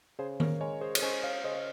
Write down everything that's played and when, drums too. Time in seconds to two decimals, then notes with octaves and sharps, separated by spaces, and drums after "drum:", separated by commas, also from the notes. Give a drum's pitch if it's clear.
0.19 C#3 G#4 C5
0.40 A#4 C#5, drum: tom D#3
0.61 G#3 A#4 C#5
0.81 G#4 C5
0.95 C#5, drum: cymbal
1.02 C#4 C5 D#5
1.24 C#5 F5
1.44 C#3 C5 D#5